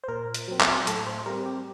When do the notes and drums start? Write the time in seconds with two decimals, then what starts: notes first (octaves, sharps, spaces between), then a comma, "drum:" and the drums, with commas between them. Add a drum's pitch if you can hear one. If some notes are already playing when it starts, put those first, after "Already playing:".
0.04 C5
0.08 A#2 A#4
0.35 drum: hi-hat
0.48 F#3 C4
0.61 drum: clap
0.87 A2 A4, drum: hi-hat
1.07 C5
1.26 G3 C4 A#4
1.46 G4